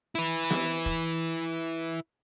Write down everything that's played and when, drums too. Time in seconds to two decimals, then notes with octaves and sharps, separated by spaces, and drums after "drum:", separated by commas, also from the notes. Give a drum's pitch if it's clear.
0.15 E4 B4
0.50 drum: snare
0.86 drum: kick E1